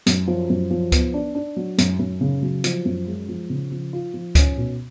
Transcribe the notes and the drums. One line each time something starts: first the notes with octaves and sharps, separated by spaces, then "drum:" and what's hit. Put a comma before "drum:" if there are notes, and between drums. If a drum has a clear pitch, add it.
F#2, drum: hi-hat
F3
F#2
F3
B3, drum: kick C#2, hi-hat
D4
D4
F#3
F#2, drum: hi-hat
F#2
C#3
F#3
F3, drum: hi-hat
F#2
G#3
F3
C#3
F3
F4
F3
C#4, drum: kick C#2, hi-hat
B2